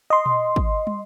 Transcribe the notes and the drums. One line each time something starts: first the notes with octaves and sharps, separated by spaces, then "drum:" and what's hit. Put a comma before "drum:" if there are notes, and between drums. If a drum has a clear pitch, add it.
D#5 C6
drum: tom A#2
drum: kick
drum: tom